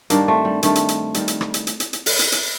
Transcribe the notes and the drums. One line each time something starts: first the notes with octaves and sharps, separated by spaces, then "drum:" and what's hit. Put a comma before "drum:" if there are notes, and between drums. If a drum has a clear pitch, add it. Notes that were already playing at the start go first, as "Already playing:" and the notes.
G2 D#3 G3 A#3 D4, drum: hi-hat
A3 C4
G3
G2 D#3 G3 A3, drum: hi-hat
drum: hi-hat
drum: hi-hat
D#3 G3, drum: hi-hat
drum: hi-hat
drum: rim click
drum: hi-hat
drum: hi-hat
drum: hi-hat
drum: hi-hat
drum: open hi-hat
drum: hi-hat
drum: hi-hat